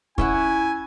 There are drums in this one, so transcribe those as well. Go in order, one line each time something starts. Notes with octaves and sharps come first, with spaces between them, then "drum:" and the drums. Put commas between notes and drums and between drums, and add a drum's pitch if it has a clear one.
C#4 E4 E5 F#5 G#5, drum: kick